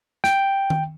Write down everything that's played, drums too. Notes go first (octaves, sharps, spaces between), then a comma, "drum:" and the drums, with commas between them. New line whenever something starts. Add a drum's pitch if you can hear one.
G5, drum: snare
drum: tom D#3